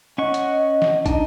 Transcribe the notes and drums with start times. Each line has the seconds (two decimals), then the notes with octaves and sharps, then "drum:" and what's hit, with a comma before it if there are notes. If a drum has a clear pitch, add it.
0.18 C#4 D#5 F#5 C#6
0.34 drum: hi-hat
0.82 drum: snare
1.06 D4 D#4 D#5, drum: kick, hi-hat